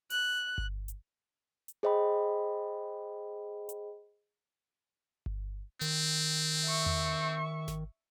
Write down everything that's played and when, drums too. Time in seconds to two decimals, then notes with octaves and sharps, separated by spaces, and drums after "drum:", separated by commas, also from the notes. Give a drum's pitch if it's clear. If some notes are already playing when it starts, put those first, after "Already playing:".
0.10 F#6, drum: open hi-hat
0.58 drum: kick G1
0.88 drum: hi-hat
1.68 drum: hi-hat
1.83 G#4 C5 D#5 G5 B5
3.69 drum: hi-hat
5.26 drum: kick G1
5.81 D#3 C4, drum: hi-hat
6.66 E5 C#6
6.86 drum: tom E2
7.68 drum: snare G#1